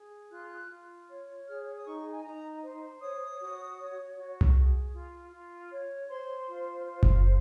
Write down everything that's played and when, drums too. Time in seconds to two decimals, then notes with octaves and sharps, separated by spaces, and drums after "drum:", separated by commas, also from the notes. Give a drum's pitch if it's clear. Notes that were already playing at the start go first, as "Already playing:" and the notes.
Already playing: G#4
0.30 F4 F#6
0.69 F4
1.09 C#5
1.46 G#4 F6
1.75 D#6
1.85 D#4 C#6
2.12 G#5
2.24 D#4 A#5
2.62 C5
3.01 C#5 D#6
3.40 F#4
3.78 C#5
4.16 F#4
4.41 drum: tom C2
4.55 G#4
4.93 F4
5.32 F4
5.70 C#5
6.09 C5 C6
6.47 F4
6.86 C5
7.03 drum: kick F#1
7.25 F4